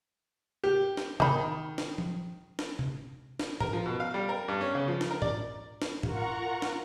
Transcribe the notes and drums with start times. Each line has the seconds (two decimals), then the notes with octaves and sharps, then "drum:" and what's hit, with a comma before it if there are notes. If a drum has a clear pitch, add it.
0.64 G4
0.97 drum: snare
1.20 D#3 D#4 B5, drum: tom C3
1.78 drum: snare
1.98 drum: tom F3
2.59 drum: snare
2.79 drum: tom C3
3.39 drum: snare
3.60 A#4, drum: tom G#2
3.73 F3
3.86 B2
4.00 F5
4.14 G3
4.29 A#4
4.48 G2
4.61 C#4
4.75 C#3
4.88 F3
5.01 drum: snare
5.11 A#4
5.22 D5, drum: tom G#2
5.82 drum: snare
6.03 F4 A#4 F#5 A#5 C#6, drum: tom G#2
6.62 drum: snare